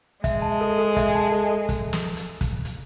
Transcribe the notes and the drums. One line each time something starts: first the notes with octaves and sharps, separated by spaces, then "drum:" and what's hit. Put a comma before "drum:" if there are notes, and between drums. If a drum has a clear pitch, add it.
G#3 E5, drum: kick, hi-hat
A5
A4
A4
E5, drum: kick, hi-hat
A5
A4
A4
drum: kick, hi-hat
drum: snare
drum: hi-hat
drum: kick, hi-hat
drum: hi-hat